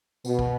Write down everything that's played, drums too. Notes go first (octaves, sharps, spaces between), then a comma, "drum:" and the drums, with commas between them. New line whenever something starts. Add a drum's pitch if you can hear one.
B2, drum: tambourine
drum: kick